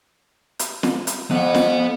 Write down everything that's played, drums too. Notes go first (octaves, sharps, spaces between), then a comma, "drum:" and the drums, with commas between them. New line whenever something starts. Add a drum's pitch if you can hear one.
drum: hi-hat
drum: snare
drum: hi-hat
F2 B3 F#5
drum: snare